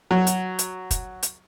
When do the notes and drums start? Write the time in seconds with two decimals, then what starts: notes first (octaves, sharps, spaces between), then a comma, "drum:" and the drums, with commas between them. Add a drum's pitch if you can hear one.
0.11 F#3
0.27 drum: hi-hat
0.59 drum: hi-hat
0.91 drum: kick, hi-hat
1.23 drum: hi-hat